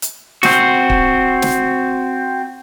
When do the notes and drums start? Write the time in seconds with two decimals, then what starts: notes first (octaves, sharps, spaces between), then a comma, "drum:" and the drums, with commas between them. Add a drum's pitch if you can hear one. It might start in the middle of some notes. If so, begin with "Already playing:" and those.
0.02 drum: hi-hat
0.43 C4 F#4, drum: snare
0.90 drum: kick
1.42 drum: snare